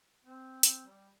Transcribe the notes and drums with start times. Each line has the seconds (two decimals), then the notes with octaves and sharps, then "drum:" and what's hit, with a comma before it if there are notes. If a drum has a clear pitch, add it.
0.24 C4
0.63 C4, drum: hi-hat
0.85 G3